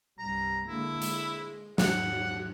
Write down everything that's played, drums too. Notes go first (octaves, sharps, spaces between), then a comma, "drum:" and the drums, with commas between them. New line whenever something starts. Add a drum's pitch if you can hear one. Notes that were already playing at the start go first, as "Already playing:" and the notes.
C2 G2 G3 A#5
D3 G#3 A#3 E4
G#3, drum: hi-hat
G#1 F#5, drum: snare